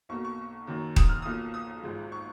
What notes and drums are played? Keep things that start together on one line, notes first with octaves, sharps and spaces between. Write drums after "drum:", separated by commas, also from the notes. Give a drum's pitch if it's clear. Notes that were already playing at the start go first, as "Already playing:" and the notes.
B1 B2 A#3 C#6
C#6
F#2 D#3 A#3
D#6, drum: kick D#1
F6
B1 A#2 F3 A#3 D#6
D#6
G#1 G#2 F3 G#3
C#6